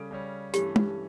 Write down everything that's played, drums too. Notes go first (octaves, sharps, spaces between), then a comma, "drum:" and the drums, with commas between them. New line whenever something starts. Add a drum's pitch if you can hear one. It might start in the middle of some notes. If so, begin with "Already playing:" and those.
Already playing: C#3 G3 C#4 A4
C#3 G3 C#4
G2 E3 A3 C#4 G4, drum: hi-hat
drum: tom